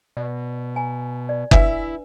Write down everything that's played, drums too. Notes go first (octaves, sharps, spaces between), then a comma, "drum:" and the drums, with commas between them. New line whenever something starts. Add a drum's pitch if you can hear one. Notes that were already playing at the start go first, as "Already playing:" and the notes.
B2 D5
G#5 A#5
D5
D4 E4 B4 E5 G#5, drum: kick F#1